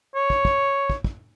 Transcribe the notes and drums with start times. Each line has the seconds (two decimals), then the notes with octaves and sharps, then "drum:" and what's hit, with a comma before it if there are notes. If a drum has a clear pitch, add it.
0.15 C#5
0.30 drum: kick
0.45 drum: kick
0.90 drum: kick
1.04 drum: kick